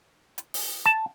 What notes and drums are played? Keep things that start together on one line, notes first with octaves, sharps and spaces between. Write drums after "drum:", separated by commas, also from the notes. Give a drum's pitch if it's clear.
drum: hi-hat
drum: open hi-hat
A5